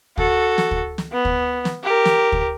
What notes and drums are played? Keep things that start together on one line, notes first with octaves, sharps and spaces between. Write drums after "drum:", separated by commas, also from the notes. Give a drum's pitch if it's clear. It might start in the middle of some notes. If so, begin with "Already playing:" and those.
F#4 A4, drum: kick
drum: snare
drum: kick
drum: snare
B3
drum: kick
drum: snare
G4 A#4
drum: snare
drum: kick